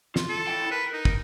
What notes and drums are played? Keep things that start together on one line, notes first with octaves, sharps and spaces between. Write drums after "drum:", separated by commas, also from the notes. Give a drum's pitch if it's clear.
F4, drum: snare
A4
E4 G5
A#4 B4
D#4
drum: kick